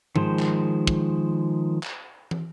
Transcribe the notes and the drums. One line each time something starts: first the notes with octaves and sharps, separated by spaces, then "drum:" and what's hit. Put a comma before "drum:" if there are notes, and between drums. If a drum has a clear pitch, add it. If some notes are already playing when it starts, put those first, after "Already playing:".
D#3 F3 G#3 C5, drum: tom G#2
drum: clap
drum: kick
drum: clap
drum: tom